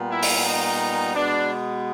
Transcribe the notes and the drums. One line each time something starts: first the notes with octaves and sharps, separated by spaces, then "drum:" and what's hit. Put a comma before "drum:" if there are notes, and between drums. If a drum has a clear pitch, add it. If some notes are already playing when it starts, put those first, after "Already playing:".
Already playing: A#2 G3 B3
E4
drum: open hi-hat
D#4
B2 G#3 B3 D4